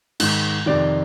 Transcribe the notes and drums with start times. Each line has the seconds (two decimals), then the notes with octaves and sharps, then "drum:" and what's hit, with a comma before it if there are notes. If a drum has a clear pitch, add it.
0.20 G#2 D#3, drum: cymbal
0.66 F2 C3 D#3 D5